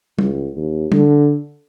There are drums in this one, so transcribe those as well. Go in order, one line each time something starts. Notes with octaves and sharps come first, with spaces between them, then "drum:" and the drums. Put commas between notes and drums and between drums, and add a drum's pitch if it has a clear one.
C#2, drum: tom
D#2
D3, drum: tom